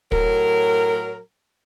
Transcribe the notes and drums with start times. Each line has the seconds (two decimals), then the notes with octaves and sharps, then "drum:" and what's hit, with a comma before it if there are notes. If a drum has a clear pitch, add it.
0.12 A2 F#3 A#4, drum: kick